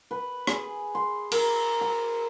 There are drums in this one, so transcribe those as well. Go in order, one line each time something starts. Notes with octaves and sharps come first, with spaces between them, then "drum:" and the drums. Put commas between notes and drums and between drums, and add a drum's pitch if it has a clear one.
B4
G#4, drum: rim click
C6
A#4, drum: cymbal
A#5